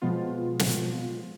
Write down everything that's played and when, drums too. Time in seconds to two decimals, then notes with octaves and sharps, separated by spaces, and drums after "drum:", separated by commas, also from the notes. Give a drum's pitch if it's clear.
0.02 B2 F3 G#3 B3 F4
0.59 drum: snare